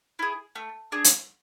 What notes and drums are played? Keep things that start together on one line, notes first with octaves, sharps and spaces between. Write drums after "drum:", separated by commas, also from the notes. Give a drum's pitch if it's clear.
E4 G#4
A3
D4 G#4
drum: hi-hat